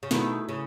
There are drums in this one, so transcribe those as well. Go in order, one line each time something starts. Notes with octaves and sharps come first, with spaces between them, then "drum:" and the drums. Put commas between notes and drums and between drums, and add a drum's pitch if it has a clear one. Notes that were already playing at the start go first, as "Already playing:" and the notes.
C#3
B2 D#3 A3 E4 G#4 B4, drum: snare
C#3